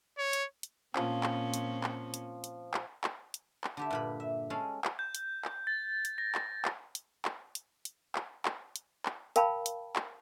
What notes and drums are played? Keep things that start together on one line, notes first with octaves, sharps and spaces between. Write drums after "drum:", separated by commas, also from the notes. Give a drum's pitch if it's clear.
C#5
drum: hi-hat
drum: hi-hat
A#2 F3 C4 C#4, drum: clap
drum: clap
drum: hi-hat
drum: clap
drum: hi-hat
drum: hi-hat
drum: clap
drum: clap
drum: hi-hat
drum: clap
D3 G4 E5
G2 A#2 B5
E5
G#3 C#4 G#4 A4 F5
drum: clap
G6
drum: hi-hat
drum: clap
A6
drum: hi-hat
A#6
drum: clap
drum: clap
drum: hi-hat
drum: clap
drum: hi-hat
drum: hi-hat
drum: clap
drum: clap
drum: hi-hat
drum: clap
A#4 F5 G5 A5 B5, drum: hi-hat
drum: hi-hat
drum: clap